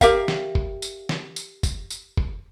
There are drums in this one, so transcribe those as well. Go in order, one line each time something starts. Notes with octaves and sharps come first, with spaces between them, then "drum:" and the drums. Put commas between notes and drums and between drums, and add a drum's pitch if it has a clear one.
G4 A#4 E5 F5, drum: kick, tambourine
drum: snare
drum: kick
drum: tambourine
drum: snare
drum: tambourine
drum: kick, tambourine
drum: tambourine
drum: kick